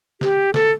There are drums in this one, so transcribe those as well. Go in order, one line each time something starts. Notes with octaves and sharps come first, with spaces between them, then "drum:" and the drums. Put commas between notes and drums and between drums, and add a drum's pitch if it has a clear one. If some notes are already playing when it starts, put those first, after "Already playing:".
G4, drum: snare
A4, drum: snare